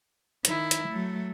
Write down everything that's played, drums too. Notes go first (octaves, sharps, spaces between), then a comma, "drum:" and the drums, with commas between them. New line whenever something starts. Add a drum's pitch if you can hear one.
D#3 E4, drum: hi-hat
drum: hi-hat
F#3 A3